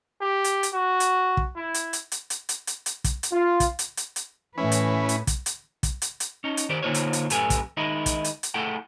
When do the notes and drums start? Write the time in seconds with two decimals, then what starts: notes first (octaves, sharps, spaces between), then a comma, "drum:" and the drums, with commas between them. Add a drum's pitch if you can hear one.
0.21 G4
0.44 drum: hi-hat
0.63 drum: hi-hat
0.73 F#4
1.00 drum: hi-hat
1.37 drum: kick
1.56 E4
1.74 drum: hi-hat
1.93 drum: hi-hat
2.12 drum: hi-hat
2.30 drum: hi-hat
2.49 drum: hi-hat
2.67 drum: hi-hat
2.86 drum: hi-hat
3.04 drum: kick, hi-hat
3.23 drum: hi-hat
3.32 F4
3.60 drum: kick, hi-hat
3.79 drum: hi-hat
3.97 drum: hi-hat
4.16 drum: hi-hat
4.58 A2 E3 C#4 E4 B4
4.72 drum: hi-hat
5.09 drum: hi-hat
5.27 drum: kick, hi-hat
5.46 drum: hi-hat
5.83 drum: kick, hi-hat
6.02 drum: hi-hat
6.20 drum: hi-hat
6.44 C#4 D#4
6.57 drum: hi-hat
6.69 D#3 G4 C5 D5
6.83 D3 A#3 D#4 F4 C5 C#5
6.94 drum: hi-hat
7.13 drum: hi-hat
7.30 F#2 A2 G4 A4 B4 G#5, drum: hi-hat
7.50 drum: kick, hi-hat
7.77 D#3 G#3 D#4 E4
8.06 drum: kick, hi-hat
8.24 drum: hi-hat
8.43 drum: hi-hat
8.54 A3 E4 G#4 A4 F#5 G5